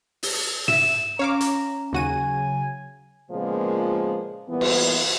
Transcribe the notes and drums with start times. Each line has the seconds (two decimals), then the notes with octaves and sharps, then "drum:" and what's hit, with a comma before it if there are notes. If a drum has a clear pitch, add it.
0.23 drum: open hi-hat
0.68 E5 E7, drum: tom
1.19 C#4 C#5 F5 A#5 D6
1.41 drum: hi-hat
1.93 D#2 C#3 F#3 F#4 G#5 D#7
3.30 A#2 C#3 F3 G#3 A#3 B3
4.49 A#2 E3 G3 B3
4.61 drum: cymbal